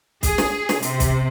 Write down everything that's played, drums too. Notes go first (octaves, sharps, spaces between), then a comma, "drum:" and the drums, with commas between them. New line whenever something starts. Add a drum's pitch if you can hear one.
G#4, drum: kick, hi-hat
drum: snare
drum: snare
C3, drum: hi-hat
drum: kick, hi-hat